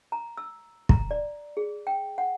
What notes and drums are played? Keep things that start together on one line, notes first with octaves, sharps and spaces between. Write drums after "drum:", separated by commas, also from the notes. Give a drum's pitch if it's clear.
A#5
E6
A#5, drum: kick
D5
G#4
G5
F#5